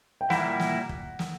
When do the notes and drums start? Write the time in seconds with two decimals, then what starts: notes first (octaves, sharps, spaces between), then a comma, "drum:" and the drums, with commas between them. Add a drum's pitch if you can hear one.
0.21 G5
0.30 A#2 G3 A#3 E4 F#5, drum: snare
0.60 drum: snare
0.89 drum: kick
1.19 drum: snare